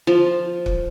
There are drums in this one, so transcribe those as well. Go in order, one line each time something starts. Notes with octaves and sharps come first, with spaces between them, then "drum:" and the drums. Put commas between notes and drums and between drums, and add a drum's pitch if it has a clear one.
F3
drum: kick